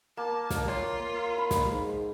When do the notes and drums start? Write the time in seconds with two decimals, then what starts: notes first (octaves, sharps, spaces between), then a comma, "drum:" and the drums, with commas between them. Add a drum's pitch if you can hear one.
0.17 A#3 A5
0.50 drum: snare
0.68 F4 C#5, drum: rim click
1.00 A#3
1.38 B5
1.51 drum: snare
1.71 G#2